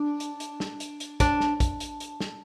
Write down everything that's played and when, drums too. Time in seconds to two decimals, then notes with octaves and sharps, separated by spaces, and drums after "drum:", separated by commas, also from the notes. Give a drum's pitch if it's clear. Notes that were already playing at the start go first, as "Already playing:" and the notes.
Already playing: D4
0.20 drum: hi-hat
0.40 drum: hi-hat
0.60 drum: snare
0.80 drum: hi-hat
1.00 drum: hi-hat
1.20 D4, drum: kick A1, hi-hat
1.40 drum: snare
1.60 drum: kick A1, hi-hat
1.80 drum: hi-hat
2.00 drum: hi-hat
2.20 drum: snare